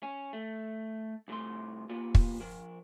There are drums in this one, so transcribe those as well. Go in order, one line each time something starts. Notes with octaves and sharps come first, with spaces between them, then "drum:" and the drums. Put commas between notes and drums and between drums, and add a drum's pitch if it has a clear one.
C#4
A3
C2 A2 C3 A3 C6
A#3 B3 F4 G4 D5
drum: kick
F3 A#4